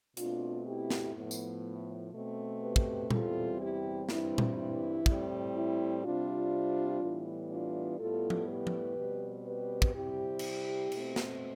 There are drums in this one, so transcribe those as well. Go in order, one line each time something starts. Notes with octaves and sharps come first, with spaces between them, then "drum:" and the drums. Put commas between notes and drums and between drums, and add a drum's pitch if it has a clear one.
B2 A3 C4 D4 F4, drum: hi-hat
E4 G4
drum: snare
A2 F3 B3
drum: tambourine
B2 A3 C4
G4 B4
drum: kick
E2 C3 G3 C4 F4 A4, drum: tom A#2
E4 G4
G2 E3 G3 C4 E4, drum: snare
drum: tom A#2
E4
A2 G3 C4, drum: kick
E4
C3 G3 C4 D4 F4
A2 E3 G3 B3
D4 F4
A2 G3 B3 F4 A4
drum: tom F3
G4 B4
drum: tom F3
B2 G3 C4
G4 B4
drum: kick
C3 G3 C4 E4 G4
drum: cymbal
B2 A3 C4, drum: cymbal
drum: snare